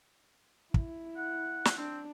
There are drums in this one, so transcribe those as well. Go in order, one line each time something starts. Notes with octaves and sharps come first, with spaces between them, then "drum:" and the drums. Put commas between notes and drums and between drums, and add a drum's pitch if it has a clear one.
E4, drum: kick
F#5
drum: snare
C4 D4